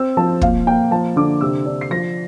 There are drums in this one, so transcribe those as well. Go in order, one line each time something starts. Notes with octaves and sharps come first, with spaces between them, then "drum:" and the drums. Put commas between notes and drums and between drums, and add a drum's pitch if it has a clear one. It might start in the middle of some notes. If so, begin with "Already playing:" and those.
Already playing: C4 E6
F3 A5
A#2 F5, drum: kick
A#3 G5
F3 A5
D3 D6
C3 E6
D4
C7
F3 A#6